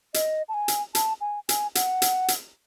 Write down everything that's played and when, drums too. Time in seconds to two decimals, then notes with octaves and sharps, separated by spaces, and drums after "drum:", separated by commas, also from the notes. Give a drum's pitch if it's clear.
0.14 D#5, drum: hi-hat
0.49 A5
0.54 G#5
0.68 drum: hi-hat
0.95 A5, drum: hi-hat
1.21 G#5
1.49 G#5, drum: hi-hat
1.75 F#5, drum: hi-hat
2.02 drum: hi-hat
2.28 drum: hi-hat